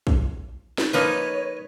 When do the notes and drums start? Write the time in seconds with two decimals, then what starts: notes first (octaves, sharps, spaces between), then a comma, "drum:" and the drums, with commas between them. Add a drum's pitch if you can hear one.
0.07 drum: kick
0.78 drum: snare
0.93 F3 A#3 D#4 B4 C#5 D#5